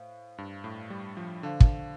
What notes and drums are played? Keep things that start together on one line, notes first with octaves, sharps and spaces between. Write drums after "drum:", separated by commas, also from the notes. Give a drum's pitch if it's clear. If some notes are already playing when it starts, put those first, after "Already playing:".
Already playing: A2 C5 F5
G2
A2
G3
F3
D3 C5 F5 A5
drum: kick